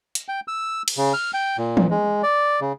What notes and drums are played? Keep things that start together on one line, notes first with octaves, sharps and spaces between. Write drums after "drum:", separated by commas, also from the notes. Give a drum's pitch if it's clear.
drum: hi-hat
G5
E6
drum: cymbal
C#3
F6
G5
A#2
drum: tom E3
G#3
D5
C#3